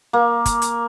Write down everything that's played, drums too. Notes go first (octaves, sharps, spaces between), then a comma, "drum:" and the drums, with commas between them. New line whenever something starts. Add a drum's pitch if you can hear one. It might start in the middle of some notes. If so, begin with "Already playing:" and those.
A#3
drum: kick, hi-hat
drum: hi-hat